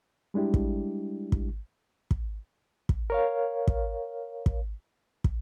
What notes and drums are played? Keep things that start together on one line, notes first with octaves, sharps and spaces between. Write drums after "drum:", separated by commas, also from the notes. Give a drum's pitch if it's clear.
G3 G#3 D4 E4 G4
drum: kick
drum: kick
drum: kick
drum: kick
A#4 C#5 F5
drum: kick
drum: kick
drum: kick